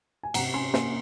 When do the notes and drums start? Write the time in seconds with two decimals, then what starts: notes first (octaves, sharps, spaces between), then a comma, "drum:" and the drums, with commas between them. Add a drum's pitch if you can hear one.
0.23 G#5
0.34 C3 F#5 A#5, drum: cymbal
0.54 C#4 G#5 C6
0.74 A#3 G#5 C6, drum: snare